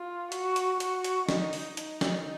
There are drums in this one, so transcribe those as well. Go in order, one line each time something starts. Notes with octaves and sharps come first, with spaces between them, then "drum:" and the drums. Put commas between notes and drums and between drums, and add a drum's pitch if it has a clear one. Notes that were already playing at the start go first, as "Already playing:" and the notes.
Already playing: F4
F#4, drum: hi-hat
drum: hi-hat
F#4, drum: hi-hat
drum: hi-hat
D#4, drum: snare
drum: open hi-hat
D#4, drum: hi-hat
drum: snare